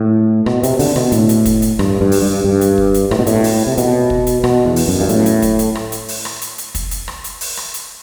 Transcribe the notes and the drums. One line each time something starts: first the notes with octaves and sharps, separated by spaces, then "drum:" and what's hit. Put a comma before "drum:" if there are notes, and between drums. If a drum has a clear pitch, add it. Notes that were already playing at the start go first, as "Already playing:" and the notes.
Already playing: A2
B2, drum: rim click
C3, drum: hi-hat
D3, drum: open hi-hat
B2, drum: rim click
A2, drum: hi-hat
drum: hi-hat
drum: kick, hi-hat
drum: hi-hat
G2, drum: rim click
G2
drum: open hi-hat
G2
G2
drum: hi-hat
drum: kick
drum: hi-hat
A2, drum: rim click
B2
A2, drum: hi-hat
drum: open hi-hat
C3
B2, drum: hi-hat
drum: kick
drum: hi-hat
B2, drum: rim click
E2
drum: open hi-hat
F#2
G2
A2, drum: hi-hat
drum: hi-hat
drum: kick, hi-hat
drum: hi-hat
drum: rim click
drum: hi-hat
drum: open hi-hat
drum: rim click
drum: hi-hat
drum: hi-hat
drum: kick, hi-hat
drum: hi-hat
drum: rim click
drum: hi-hat
drum: open hi-hat
drum: rim click
drum: hi-hat